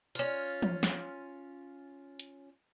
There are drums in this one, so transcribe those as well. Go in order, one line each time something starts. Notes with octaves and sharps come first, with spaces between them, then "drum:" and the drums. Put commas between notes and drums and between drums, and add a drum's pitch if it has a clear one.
C#4 F4, drum: hi-hat
drum: tom
drum: snare
drum: hi-hat